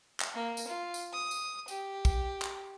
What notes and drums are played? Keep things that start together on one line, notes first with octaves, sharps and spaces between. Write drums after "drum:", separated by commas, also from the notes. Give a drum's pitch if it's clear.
drum: clap
A#3
drum: tambourine
F4
drum: tambourine
D#6
drum: tambourine
G4, drum: tambourine
drum: kick, tambourine
drum: clap